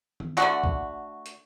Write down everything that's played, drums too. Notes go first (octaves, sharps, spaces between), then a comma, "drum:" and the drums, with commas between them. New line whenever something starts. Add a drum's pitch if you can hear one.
drum: tom D#3
D3 A3 D4 F#4, drum: clap
drum: kick A#1
drum: hi-hat